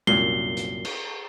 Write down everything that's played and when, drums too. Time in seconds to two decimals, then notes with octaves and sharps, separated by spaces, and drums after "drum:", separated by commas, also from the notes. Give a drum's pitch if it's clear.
0.07 C2 F#2 A#2 C7 G7, drum: tom G#3
0.57 drum: hi-hat
0.85 drum: cymbal